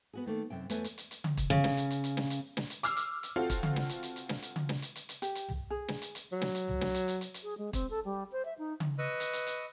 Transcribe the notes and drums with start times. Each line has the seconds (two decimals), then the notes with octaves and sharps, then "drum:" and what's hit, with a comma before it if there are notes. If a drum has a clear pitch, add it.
0.13 B3 F#4 G#4
0.26 D#3 A3 A#3
0.50 F#2 C3 G5
0.70 E2 A3 B4 C#5 G#5, drum: hi-hat
0.84 drum: hi-hat
0.98 drum: hi-hat
1.11 drum: hi-hat
1.24 drum: tom C#3
1.37 drum: kick, hi-hat
1.50 C#3, drum: tom C#3
1.64 drum: snare
1.77 drum: hi-hat
1.90 drum: hi-hat
2.04 drum: hi-hat
2.17 drum: snare
2.30 drum: hi-hat
2.57 drum: snare
2.70 drum: hi-hat
2.83 D6 E6 F6 C7, drum: hi-hat
2.97 drum: hi-hat
3.23 drum: hi-hat
3.36 C4 F4 F#4 A4
3.50 drum: kick, hi-hat
3.63 drum: tom C#3
3.76 drum: snare
3.89 drum: hi-hat
4.03 drum: hi-hat
4.16 drum: hi-hat
4.29 drum: snare
4.42 drum: hi-hat
4.56 drum: tom C#3
4.69 drum: snare
4.82 drum: hi-hat
4.96 drum: hi-hat
5.09 drum: hi-hat
5.22 G4, drum: hi-hat
5.35 drum: hi-hat
5.49 drum: tom
5.70 G#4
5.88 drum: snare
6.02 drum: hi-hat
6.15 drum: hi-hat
6.32 F#3
6.41 drum: snare
6.55 drum: hi-hat
6.68 drum: tom
6.81 drum: snare
6.95 drum: hi-hat
7.08 drum: hi-hat
7.21 drum: hi-hat
7.34 drum: hi-hat
7.43 G#4
7.58 G#3
7.73 C4, drum: kick, hi-hat
7.90 A4
8.05 G3
8.32 C5
8.45 E5
8.58 D#4
8.80 drum: tom C#3
8.99 B4 D#5 C#6 E6
9.20 drum: hi-hat
9.33 drum: hi-hat
9.47 drum: hi-hat